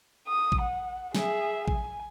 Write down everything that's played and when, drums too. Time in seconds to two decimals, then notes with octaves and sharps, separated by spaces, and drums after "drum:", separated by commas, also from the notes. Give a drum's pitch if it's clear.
0.28 D#6
0.52 drum: kick A1
0.61 F#5
1.15 G#4 E5, drum: snare
1.68 G#5, drum: kick A1